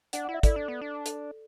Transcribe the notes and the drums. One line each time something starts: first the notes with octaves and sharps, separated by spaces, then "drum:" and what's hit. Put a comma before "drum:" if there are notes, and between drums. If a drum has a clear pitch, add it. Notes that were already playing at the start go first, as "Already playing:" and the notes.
D4 D5 F#5, drum: hi-hat
E4 F#5
E5
E4 A4 D5, drum: kick, hi-hat
D4
B3
D4
A4, drum: hi-hat